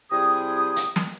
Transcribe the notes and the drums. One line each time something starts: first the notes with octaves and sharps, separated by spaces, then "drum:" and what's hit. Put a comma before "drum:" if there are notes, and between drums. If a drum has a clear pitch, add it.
C3 G3 E4 G#4 G5 D#6
drum: hi-hat
drum: snare